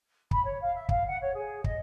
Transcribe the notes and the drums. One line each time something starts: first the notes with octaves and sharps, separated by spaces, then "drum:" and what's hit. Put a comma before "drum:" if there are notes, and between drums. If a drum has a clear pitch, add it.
B5, drum: kick
C#5
F5
E5
F5, drum: kick
F#5
C#5
G#4
D#5, drum: kick